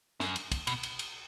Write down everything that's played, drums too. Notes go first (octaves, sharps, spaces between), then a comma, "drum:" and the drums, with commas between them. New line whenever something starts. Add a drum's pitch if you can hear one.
F#2, drum: snare
drum: cymbal
drum: kick, cymbal
B2, drum: cymbal
drum: cymbal
drum: cymbal